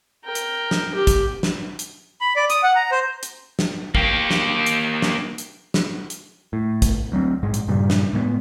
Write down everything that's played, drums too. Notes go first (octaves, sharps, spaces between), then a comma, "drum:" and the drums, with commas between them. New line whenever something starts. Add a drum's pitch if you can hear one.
A#4 G5
drum: hi-hat
drum: snare
G4
drum: kick, hi-hat
drum: snare
drum: hi-hat
B5
D5
D#6, drum: hi-hat
F#5
A#5
C5
drum: hi-hat
drum: snare
A#3 G4, drum: kick
drum: snare
drum: hi-hat
drum: snare
drum: hi-hat
drum: snare
drum: hi-hat
A2
drum: kick, hi-hat
D2 F#3 A#3 C4
A#1 G#2 G#3
drum: hi-hat
G2 A#2 C#3 G3
drum: snare
A2 G#3 A3 B3